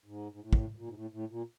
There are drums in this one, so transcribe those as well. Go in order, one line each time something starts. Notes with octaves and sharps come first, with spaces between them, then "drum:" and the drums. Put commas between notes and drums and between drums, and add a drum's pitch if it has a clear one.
G#2
G#2
A2
drum: kick
A#2
G#2
A2
A2
A#2